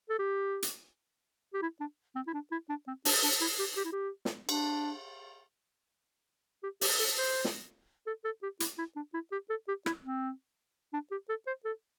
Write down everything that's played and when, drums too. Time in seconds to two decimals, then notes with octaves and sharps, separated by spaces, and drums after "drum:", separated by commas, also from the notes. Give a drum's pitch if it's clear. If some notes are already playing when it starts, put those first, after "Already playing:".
0.09 A4
0.19 G4
0.62 drum: hi-hat
1.54 G4
1.62 E4
1.80 D4
2.15 C4
2.27 E4
2.34 D4
2.52 E4
2.69 D4
2.87 C4
3.05 D4, drum: open hi-hat
3.23 D4
3.41 E4
3.59 G4
3.77 G4
3.85 E4
3.92 G4
4.25 drum: snare
4.49 D4, drum: cymbal
6.63 G4
6.81 G4, drum: open hi-hat
6.99 A4
7.17 C5
7.45 drum: snare
8.07 A4
8.25 A4
8.43 G4
8.60 E4, drum: hi-hat
8.78 E4
8.96 D4
9.14 E4
9.32 G4
9.50 A4
9.68 G4
9.86 E4, drum: rim click
10.04 C4
10.93 D4
11.11 G4
11.29 A4
11.47 C5
11.65 A4